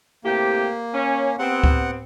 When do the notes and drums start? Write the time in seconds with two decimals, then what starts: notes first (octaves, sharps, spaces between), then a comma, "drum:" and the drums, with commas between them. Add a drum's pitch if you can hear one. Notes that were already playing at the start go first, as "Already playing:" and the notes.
0.24 A2 C3 A#3 G4
0.93 C#4
1.39 C3 B3 C4 F#5
1.64 drum: kick C#2